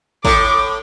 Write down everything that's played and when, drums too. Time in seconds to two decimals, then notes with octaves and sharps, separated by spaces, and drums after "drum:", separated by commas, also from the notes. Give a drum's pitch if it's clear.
0.25 A2 D6, drum: kick